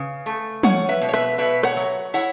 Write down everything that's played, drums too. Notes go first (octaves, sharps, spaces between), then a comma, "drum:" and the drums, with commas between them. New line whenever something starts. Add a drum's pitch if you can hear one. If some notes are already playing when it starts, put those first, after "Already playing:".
Already playing: C#3 B4
A3
C#4 C#5 F#5, drum: tom
B4 E5
B2
C#5
B4 E5, drum: rim click
B2 B4 E5
C#5 F#5, drum: rim click
F#3
E4 C#5 F#5